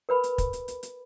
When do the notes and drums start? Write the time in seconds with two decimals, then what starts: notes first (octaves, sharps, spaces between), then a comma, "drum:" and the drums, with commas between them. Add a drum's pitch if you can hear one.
0.09 A#4 B4 B5
0.23 drum: hi-hat
0.38 drum: kick, hi-hat
0.53 drum: hi-hat
0.68 drum: hi-hat
0.83 drum: hi-hat